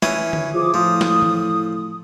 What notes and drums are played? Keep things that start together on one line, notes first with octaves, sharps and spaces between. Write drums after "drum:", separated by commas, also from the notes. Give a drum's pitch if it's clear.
E3 C#4 D#6, drum: snare
drum: tom D3
F3 G#4 D6 D#6
A2 F3 D#6
drum: snare
drum: tom E3